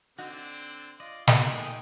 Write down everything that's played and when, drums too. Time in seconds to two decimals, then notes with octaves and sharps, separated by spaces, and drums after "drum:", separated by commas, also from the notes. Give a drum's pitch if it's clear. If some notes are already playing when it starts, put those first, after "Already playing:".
0.19 D3 C4 D#4 F#4
0.33 D5
1.00 F4 D5 D#5
1.27 B2 A#3 D#4 G#4 B4 F#5 G5, drum: snare
1.50 G#3 A3 G#4 D#5